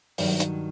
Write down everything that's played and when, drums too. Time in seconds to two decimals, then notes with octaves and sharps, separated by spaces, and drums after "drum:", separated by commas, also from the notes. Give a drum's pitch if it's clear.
0.18 G2 D#3 F#3 G3, drum: open hi-hat
0.40 drum: hi-hat